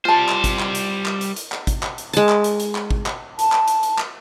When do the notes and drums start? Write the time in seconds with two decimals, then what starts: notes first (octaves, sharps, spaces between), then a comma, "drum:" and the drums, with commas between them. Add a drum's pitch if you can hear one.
0.05 G3 F4 C5 A5
0.29 drum: clap
0.44 drum: kick, hi-hat
0.59 drum: clap
0.75 drum: hi-hat
1.06 drum: clap
1.21 drum: hi-hat
1.36 drum: hi-hat
1.52 drum: clap
1.67 drum: kick, hi-hat
1.83 drum: clap
1.98 drum: hi-hat
2.13 G#3 A5, drum: hi-hat
2.29 drum: clap
2.44 drum: hi-hat
2.60 drum: hi-hat
2.75 drum: clap
2.91 drum: kick
3.06 drum: clap
3.39 A5, drum: hi-hat
3.52 drum: clap
3.68 drum: hi-hat
3.83 drum: hi-hat
3.98 drum: clap